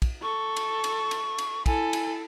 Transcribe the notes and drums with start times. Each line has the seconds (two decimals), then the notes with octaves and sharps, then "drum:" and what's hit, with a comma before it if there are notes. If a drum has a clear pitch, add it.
0.02 drum: kick, cymbal
0.22 A4 C#6
0.57 drum: cymbal
0.84 drum: cymbal
1.11 drum: cymbal
1.38 drum: cymbal
1.66 E4 A4 G#5, drum: kick, cymbal
1.93 drum: cymbal